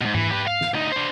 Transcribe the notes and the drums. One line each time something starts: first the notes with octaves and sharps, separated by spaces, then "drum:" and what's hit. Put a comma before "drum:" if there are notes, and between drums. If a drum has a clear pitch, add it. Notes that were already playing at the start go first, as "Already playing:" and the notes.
G#2 B2
E3, drum: tom G#2
G4 B4
F5
drum: snare
D2 D#4
D4 C5